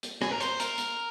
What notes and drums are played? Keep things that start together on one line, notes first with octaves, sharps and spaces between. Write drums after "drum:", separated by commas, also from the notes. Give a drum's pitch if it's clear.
drum: hi-hat
G#4, drum: rim click
A#4
C5, drum: hi-hat
A#4, drum: hi-hat
drum: hi-hat